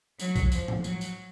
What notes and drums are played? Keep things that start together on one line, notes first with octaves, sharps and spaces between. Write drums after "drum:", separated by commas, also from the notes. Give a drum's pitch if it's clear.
F#3, drum: tambourine
drum: kick A#1, tambourine
F3, drum: tambourine
drum: tom A2
F#3, drum: tambourine
drum: tambourine